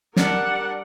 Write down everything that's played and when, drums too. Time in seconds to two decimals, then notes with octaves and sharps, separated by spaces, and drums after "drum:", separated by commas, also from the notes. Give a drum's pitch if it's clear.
0.16 G3 D4 A#4 F#5, drum: snare